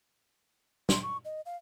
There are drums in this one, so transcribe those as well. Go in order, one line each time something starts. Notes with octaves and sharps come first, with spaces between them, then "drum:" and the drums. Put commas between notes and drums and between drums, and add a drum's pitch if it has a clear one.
C6, drum: snare
C#6
D#5
F5